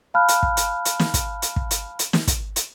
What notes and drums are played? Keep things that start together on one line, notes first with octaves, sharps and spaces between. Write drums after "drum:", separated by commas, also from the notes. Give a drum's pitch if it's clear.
F5 A5 B5 F6 F#6
drum: hi-hat
drum: kick
drum: hi-hat
drum: hi-hat
drum: snare
drum: kick, hi-hat
drum: hi-hat
drum: kick
drum: hi-hat
drum: hi-hat
drum: snare
drum: kick, hi-hat
drum: hi-hat